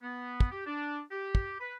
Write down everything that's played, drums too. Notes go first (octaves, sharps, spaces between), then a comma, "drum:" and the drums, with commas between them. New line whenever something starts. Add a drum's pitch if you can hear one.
B3
drum: kick
G4
D4
G4
drum: kick
B4